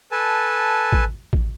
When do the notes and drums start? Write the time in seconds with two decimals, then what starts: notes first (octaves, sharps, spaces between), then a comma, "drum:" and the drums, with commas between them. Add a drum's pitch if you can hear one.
0.12 A4 B4 G#5 A5
0.92 drum: kick A1
1.33 drum: kick A1